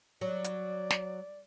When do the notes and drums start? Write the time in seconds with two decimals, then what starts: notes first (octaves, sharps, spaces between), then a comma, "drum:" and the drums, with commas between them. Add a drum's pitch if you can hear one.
0.21 F#3 D5
0.44 drum: hi-hat
0.90 drum: snare